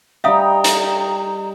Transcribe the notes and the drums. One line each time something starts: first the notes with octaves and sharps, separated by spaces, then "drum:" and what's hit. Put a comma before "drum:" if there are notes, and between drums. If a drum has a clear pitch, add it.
G3 D#4 E5 F5 G5 A#5 D#6
drum: hi-hat